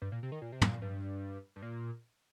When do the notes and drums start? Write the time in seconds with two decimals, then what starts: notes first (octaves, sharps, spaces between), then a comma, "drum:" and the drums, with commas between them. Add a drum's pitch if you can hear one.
0.02 G2
0.12 A#2
0.23 C3
0.32 D#3
0.42 A#2
0.52 C3
0.61 A#2, drum: tom
0.82 G2
1.56 G2
1.62 A#2